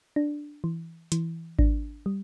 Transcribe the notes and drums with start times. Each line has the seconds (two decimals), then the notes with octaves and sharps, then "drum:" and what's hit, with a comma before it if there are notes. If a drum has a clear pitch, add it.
0.16 D4
0.64 E3
1.12 E3, drum: hi-hat
1.59 D4, drum: kick G#1
2.06 G3